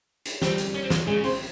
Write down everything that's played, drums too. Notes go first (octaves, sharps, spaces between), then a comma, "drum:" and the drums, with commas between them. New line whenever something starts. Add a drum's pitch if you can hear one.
drum: hi-hat
G3 C4 G4, drum: snare
drum: hi-hat
C#4
C4
G#3, drum: snare
C#3 G#3 G#4
C4 C5, drum: open hi-hat